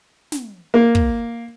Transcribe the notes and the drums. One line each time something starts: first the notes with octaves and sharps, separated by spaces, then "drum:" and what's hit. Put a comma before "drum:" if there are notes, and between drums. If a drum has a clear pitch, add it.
drum: snare
A#3
drum: kick